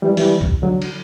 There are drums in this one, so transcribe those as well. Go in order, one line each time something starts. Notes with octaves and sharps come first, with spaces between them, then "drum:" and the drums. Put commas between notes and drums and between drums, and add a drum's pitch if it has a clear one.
E3 G3
E3 G3, drum: open hi-hat
drum: kick
D3 F#3
drum: cymbal